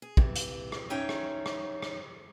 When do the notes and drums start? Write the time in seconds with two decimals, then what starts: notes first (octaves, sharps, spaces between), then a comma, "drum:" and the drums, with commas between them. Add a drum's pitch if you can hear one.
0.02 G#4
0.17 C3 E3, drum: kick
0.36 drum: hi-hat
0.72 drum: rim click
0.90 C#4 D#4 C#5 E5 G5
1.09 drum: rim click
1.46 drum: rim click
1.82 drum: rim click